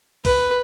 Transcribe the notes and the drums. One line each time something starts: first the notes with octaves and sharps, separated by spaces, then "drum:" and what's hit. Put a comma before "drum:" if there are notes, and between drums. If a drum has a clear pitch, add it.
B4, drum: kick, open hi-hat